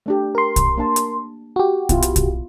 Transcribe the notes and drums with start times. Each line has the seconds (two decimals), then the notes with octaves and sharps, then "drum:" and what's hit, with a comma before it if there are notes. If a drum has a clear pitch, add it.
0.06 A3 D4 G4
0.35 A#4 C6
0.56 drum: kick, hi-hat
0.78 A#3 D4 A5
0.96 drum: hi-hat
1.56 F#4 G4
1.89 B3 E4 F4, drum: kick, hi-hat
2.02 drum: hi-hat
2.16 drum: kick, hi-hat